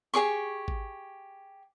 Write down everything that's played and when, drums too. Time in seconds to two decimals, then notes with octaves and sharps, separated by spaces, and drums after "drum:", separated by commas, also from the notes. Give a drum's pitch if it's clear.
0.14 G4 G#4 D5 C#6
0.68 drum: kick G#1